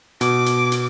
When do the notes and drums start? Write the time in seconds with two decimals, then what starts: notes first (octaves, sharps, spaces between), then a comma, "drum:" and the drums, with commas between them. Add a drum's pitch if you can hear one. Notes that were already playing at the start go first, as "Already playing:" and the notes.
0.21 B2 D6, drum: hi-hat
0.46 drum: hi-hat
0.72 drum: hi-hat